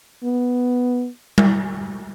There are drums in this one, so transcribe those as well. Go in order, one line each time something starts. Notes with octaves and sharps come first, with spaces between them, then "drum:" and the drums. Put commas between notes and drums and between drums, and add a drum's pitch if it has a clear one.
B3
drum: tom G3